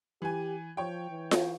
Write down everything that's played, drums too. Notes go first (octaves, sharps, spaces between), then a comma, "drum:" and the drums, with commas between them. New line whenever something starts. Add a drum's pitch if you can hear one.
E3 G4 G#5
F3 C#5 G5
E3
drum: snare F4